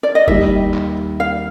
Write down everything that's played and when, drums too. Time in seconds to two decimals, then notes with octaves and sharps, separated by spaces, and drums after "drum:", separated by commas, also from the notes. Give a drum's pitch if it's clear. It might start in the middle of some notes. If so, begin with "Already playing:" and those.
0.03 D5
0.15 D#5
0.28 D#2 D#3 G3 E5, drum: kick
0.74 drum: clap
1.20 F5